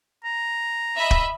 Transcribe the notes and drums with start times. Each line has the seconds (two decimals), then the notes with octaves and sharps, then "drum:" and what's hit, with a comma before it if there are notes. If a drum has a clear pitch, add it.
0.24 A#5
0.97 D#5 E5 B5
1.11 drum: kick